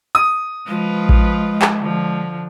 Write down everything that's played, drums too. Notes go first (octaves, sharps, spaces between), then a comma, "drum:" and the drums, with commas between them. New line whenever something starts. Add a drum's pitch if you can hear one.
D#6
F3 G#3 F4 B4
drum: kick A1
drum: clap
D3 F3